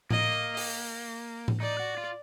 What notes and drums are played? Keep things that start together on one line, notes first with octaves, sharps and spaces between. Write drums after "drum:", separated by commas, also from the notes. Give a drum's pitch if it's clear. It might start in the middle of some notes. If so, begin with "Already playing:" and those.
A#3 D#5, drum: tom A2
drum: open hi-hat
drum: tom A2
D#4 D5
F#4
F4